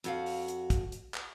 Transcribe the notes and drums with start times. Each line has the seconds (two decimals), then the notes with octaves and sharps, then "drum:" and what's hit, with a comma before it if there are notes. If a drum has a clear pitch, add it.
0.04 F2 F#4 F5, drum: hi-hat
0.26 drum: open hi-hat
0.48 drum: hi-hat
0.70 drum: kick, hi-hat
0.92 drum: hi-hat
1.14 drum: clap